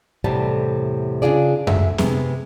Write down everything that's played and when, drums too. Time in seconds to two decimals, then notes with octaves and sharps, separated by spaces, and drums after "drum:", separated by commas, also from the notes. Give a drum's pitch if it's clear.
0.24 E2 A2 C3 G3 A3 A5
1.22 C#3 D4 F4 G#4 D5
1.67 D2 G#3 E5, drum: tom F#2
1.98 C3 G#3 B3, drum: snare C4